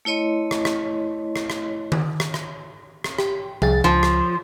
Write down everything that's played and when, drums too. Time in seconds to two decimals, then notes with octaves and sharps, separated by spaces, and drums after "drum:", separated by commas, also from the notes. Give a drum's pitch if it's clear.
0.05 A3 E4 C#5 D#5 C6
0.51 drum: rim click
0.65 drum: rim click
1.36 drum: rim click
1.50 drum: rim click
1.92 drum: tom D#3
2.20 drum: rim click
2.34 drum: rim click
3.04 drum: rim click
3.18 G4, drum: rim click
3.62 C2 G#4 A6, drum: tom F3
3.84 C#2 F3
4.03 drum: rim click